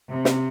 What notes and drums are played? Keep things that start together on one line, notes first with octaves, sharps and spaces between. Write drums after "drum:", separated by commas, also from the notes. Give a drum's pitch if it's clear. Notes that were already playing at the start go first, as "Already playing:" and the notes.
C3
drum: snare